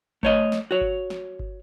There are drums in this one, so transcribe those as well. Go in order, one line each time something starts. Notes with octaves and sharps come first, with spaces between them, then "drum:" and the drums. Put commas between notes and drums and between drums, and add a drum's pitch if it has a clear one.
A3 C#5 D#5, drum: kick G1
drum: snare
F#4 C#5
drum: kick G1
drum: snare
drum: kick G1